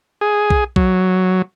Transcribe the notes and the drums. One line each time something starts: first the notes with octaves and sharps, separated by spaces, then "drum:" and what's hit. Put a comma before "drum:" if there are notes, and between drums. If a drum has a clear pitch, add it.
G#4
drum: kick B1
F#3, drum: kick B1